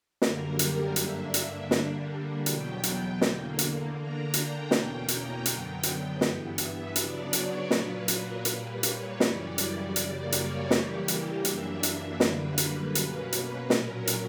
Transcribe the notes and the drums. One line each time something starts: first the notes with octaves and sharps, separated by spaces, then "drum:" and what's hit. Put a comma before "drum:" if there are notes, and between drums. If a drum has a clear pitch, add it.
F#2 D3 G3 A#3 A#4, drum: snare
G4, drum: hi-hat
G2 D3 A#3 D4 E5, drum: hi-hat
drum: hi-hat
D3 G3 A#3 D4, drum: snare
E2 B2 F#3 B3 G5, drum: hi-hat
G5, drum: hi-hat
E2 D3 A#3, drum: snare
drum: hi-hat
D3 A#3 D4 A#5
G5, drum: hi-hat
E2 B2 A#3 C#4 G5, drum: snare
A#5, drum: hi-hat
F#2 D3 F#3 B3 G5, drum: hi-hat
drum: hi-hat
G2 E3 B3, drum: snare
E5, drum: hi-hat
C#3 F#3 B3 D4 D5, drum: hi-hat
C#5, drum: hi-hat
A#2 F#3 A#3 B4, drum: snare
A#4, drum: hi-hat
A#2 G3 A#3 B4, drum: hi-hat
C#5, drum: hi-hat
F#2 C#3 E3 G3 C#4 D5, drum: snare
drum: hi-hat
F#2 C#3 G3 A#3 D5, drum: hi-hat
C#5, drum: hi-hat
C#3 E3 G3 A#3 G4, drum: snare
G4, drum: hi-hat
F#2 E3 A#3 D4 E5, drum: hi-hat
E5, drum: hi-hat
F#2 D3 G3 A#3 B4, drum: snare
drum: hi-hat
B2 A#3 C#4 B4, drum: hi-hat
drum: hi-hat
A#2 F#3 C#4 A#4, drum: snare
drum: hi-hat